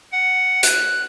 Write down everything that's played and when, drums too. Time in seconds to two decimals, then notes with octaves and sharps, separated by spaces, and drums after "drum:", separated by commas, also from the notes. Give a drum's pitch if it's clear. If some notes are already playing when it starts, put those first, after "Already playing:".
0.12 F#5
0.63 F#6, drum: hi-hat